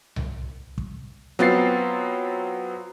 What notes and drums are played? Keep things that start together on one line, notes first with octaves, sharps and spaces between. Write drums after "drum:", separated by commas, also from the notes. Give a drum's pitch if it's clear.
drum: tom C2
drum: kick
F#3 B3 C4 F4 A6 C7, drum: snare